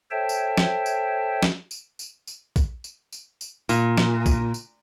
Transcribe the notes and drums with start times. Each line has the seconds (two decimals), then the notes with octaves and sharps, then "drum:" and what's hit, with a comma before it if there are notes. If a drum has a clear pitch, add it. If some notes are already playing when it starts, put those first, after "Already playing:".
0.11 A4 C5 C#5 E5 G5 A5
0.29 drum: tambourine
0.57 drum: snare
0.86 drum: tambourine
1.42 drum: snare
1.71 drum: tambourine
1.99 drum: tambourine
2.27 drum: tambourine
2.56 drum: kick A#1, tambourine
2.84 drum: tambourine
3.12 drum: tambourine
3.41 drum: tambourine
3.69 A#2, drum: tambourine
3.97 drum: snare
4.26 drum: kick A#1, tambourine
4.54 drum: tambourine